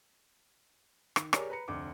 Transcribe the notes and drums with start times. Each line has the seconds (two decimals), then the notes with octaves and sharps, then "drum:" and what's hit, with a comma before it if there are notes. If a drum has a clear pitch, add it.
1.16 D#3, drum: rim click
1.33 G4 G#4 A#4 C#5 D5 G#5, drum: rim click
1.50 B4 A#5 C#7
1.68 F1 D2 D6